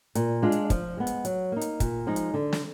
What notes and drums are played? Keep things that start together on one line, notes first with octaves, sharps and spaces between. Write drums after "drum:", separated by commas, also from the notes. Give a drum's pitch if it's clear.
A#2, drum: hi-hat
G#3 D4 F4
drum: hi-hat
F3, drum: kick, hi-hat
G#3 B3
drum: hi-hat
F#3, drum: hi-hat
A#3 D#4
drum: hi-hat
A#2, drum: kick, hi-hat
F3 G#3 D#4
drum: hi-hat
D3
drum: snare